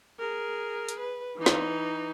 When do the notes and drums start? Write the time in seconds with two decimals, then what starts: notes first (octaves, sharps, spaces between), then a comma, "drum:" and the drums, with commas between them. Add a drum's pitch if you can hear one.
0.20 G#4 A#4
0.89 drum: hi-hat
0.99 B4
1.36 E3 D#4
1.46 drum: snare